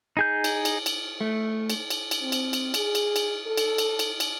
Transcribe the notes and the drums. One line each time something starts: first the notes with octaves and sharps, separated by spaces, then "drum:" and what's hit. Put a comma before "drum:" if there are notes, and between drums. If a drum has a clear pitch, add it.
D#4 G#4 G6
drum: cymbal
drum: cymbal
drum: cymbal
A3
drum: cymbal
drum: cymbal
drum: cymbal
C4
drum: cymbal
drum: cymbal
G#4, drum: cymbal
drum: cymbal
drum: cymbal
A4
drum: cymbal
drum: cymbal
drum: cymbal
drum: cymbal